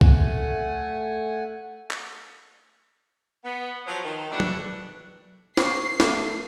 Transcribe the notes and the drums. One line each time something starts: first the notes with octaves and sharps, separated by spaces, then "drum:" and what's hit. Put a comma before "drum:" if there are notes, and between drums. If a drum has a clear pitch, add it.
A3 F#5 G#5, drum: kick
drum: clap
B3
F3 F#3
D#3
G2 B2 E3 A3 D4 F#4
drum: tom
C5 C#5 C7, drum: snare
A3, drum: snare